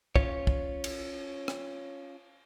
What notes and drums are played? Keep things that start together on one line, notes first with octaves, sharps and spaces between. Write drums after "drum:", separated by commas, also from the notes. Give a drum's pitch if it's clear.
C#4 F4 C#5, drum: kick
drum: kick
drum: cymbal
drum: rim click